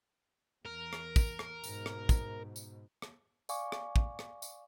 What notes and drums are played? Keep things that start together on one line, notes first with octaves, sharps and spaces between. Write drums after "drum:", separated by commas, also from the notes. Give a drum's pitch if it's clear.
E2 A#4
drum: rim click
drum: kick, tambourine
drum: rim click
G#2 B2, drum: tambourine
drum: rim click
drum: kick, tambourine
drum: tambourine
drum: rim click
D5 F5 G#5 C#6 D6, drum: tambourine
drum: rim click
drum: kick
drum: rim click
drum: tambourine